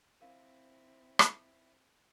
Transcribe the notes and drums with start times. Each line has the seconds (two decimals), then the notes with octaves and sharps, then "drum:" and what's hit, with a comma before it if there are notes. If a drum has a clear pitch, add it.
0.21 C4 E4 A#4 F5
1.19 drum: rim click